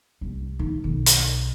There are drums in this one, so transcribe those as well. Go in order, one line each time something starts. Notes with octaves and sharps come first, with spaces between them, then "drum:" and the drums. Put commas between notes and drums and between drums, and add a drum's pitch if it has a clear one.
C2
D#3
B1
drum: hi-hat